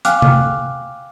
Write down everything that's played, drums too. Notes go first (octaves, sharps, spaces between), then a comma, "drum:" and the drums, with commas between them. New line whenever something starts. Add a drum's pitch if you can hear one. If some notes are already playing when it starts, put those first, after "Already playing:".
F5 G5 G#5 D6 F6 F#6, drum: hi-hat
drum: tom